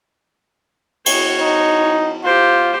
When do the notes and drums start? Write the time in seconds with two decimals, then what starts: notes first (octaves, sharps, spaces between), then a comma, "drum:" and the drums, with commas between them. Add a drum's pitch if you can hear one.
1.06 F#4 C#5, drum: cymbal
1.42 D#4
2.24 F4 G4 C5